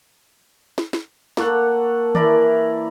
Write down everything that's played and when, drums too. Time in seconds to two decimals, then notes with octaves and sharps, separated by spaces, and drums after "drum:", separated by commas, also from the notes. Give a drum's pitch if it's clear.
0.78 drum: snare
0.93 drum: snare
1.37 A#3 A4 C#5 F#5, drum: snare
2.15 E3 E4 A#4 D5, drum: tom D#3